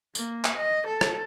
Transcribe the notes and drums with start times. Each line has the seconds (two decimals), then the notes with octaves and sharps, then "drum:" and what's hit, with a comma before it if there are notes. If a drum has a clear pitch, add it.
0.15 A#3, drum: tambourine
0.44 drum: clap
0.56 D#5
0.86 A4
1.01 drum: rim click